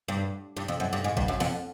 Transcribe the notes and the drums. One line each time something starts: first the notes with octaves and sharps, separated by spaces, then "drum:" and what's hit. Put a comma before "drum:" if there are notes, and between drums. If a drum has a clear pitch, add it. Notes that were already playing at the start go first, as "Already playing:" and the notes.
G2
G2
F2
F#2
G2
G#2
G2, drum: kick
F#2
F2, drum: open hi-hat